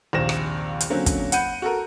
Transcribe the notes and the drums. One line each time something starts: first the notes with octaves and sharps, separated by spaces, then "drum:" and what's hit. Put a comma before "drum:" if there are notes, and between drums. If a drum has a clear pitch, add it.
A#1 D#2 C3 C4 A#6 E7
drum: rim click
drum: hi-hat
D3 F#3 A#3 C4 C#4
drum: kick, hi-hat
F#5 B5 G6 D#7, drum: hi-hat
F#4 A4 A#4